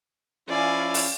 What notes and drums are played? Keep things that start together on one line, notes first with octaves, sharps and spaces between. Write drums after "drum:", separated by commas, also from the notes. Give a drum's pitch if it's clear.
F3 C#4 E4 D5 F5 G#5
drum: open hi-hat